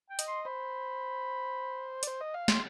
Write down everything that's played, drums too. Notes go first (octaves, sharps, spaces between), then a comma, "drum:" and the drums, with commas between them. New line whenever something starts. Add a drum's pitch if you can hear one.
G5
D#5, drum: hi-hat
C6
C5 B5
D5, drum: hi-hat
C5
D#5
F5
C6, drum: snare